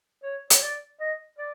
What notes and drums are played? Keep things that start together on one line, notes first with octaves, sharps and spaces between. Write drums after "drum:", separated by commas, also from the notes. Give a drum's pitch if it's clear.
C#5
C#5, drum: hi-hat
D5
D#5
D5